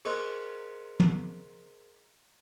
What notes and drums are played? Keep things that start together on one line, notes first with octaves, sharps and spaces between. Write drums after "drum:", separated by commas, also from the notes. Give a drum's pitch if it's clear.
G#4 A#4 C5 D#5 C6 F#6, drum: cymbal
drum: tom